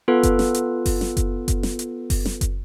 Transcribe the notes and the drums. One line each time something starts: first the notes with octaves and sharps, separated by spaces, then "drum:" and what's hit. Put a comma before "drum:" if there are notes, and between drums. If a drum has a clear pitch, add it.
B3 F4 A4 B4
drum: kick F#1, hi-hat
drum: snare
drum: hi-hat
drum: kick F#1, open hi-hat
drum: snare
drum: kick F#1, hi-hat
drum: kick F#1, hi-hat
drum: snare
drum: hi-hat
drum: kick F#1, open hi-hat
drum: snare
drum: kick F#1, hi-hat